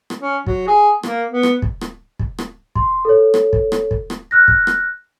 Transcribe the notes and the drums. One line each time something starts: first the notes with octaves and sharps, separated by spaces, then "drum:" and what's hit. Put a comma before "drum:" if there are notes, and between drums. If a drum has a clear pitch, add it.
drum: rim click
C#4
F#3, drum: kick
G#4
A#3, drum: rim click
B3
drum: rim click
drum: kick
drum: rim click
drum: kick
drum: rim click
C6, drum: kick
A4 C#5
drum: rim click
drum: kick
drum: rim click
drum: kick
drum: rim click
F6 F#6 A#6
drum: kick
drum: rim click